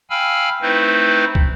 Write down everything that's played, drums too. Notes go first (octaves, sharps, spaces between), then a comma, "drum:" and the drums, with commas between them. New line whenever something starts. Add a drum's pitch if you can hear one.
F5 G5 G#5 B5 E6 F6
A3 C4 D#4 E4 B4 C5
drum: kick